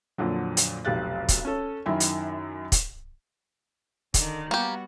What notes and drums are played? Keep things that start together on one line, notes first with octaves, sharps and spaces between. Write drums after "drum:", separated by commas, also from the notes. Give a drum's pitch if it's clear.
F2 A#2 D3 F#3
drum: hi-hat
F1 B1 G4 F5 F#6 A6
drum: kick, hi-hat
C#4 A4
F#2 D#3 E4 E5 G#5
drum: hi-hat
drum: kick, hi-hat
D3 D#3, drum: kick, hi-hat
G3 A#3 B3 F#4 G4